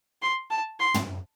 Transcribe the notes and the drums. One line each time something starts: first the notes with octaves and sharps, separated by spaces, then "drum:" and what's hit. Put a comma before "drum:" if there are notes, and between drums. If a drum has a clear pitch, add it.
C6
A5
C6
drum: tom